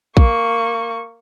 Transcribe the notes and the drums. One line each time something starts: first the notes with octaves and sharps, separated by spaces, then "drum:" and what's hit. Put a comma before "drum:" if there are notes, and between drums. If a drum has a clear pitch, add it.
A#3 C#6, drum: kick